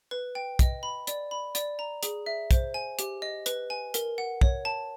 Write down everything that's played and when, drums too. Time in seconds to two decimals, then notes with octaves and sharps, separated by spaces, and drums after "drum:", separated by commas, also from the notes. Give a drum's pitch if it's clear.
0.11 B4
0.35 G5
0.59 D#5, drum: kick, hi-hat
0.83 B5
1.07 D5, drum: hi-hat
1.31 B5
1.55 D5, drum: hi-hat
1.79 A#5
2.03 G#4, drum: hi-hat
2.26 E5
2.51 C5, drum: kick, hi-hat
2.74 G#5
2.99 G4, drum: hi-hat
3.22 D#5
3.46 B4, drum: hi-hat
3.70 G#5
3.94 A#4, drum: hi-hat
4.18 F#5
4.41 C#5, drum: kick
4.65 A5